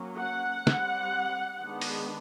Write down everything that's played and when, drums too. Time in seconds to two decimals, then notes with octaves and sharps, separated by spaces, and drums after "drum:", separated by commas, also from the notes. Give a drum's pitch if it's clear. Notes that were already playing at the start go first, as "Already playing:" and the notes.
Already playing: F#3 A#3 C#4
0.18 F#5
0.67 G3 C4, drum: snare
1.61 D#3 G#3 B3 D4
1.81 drum: open hi-hat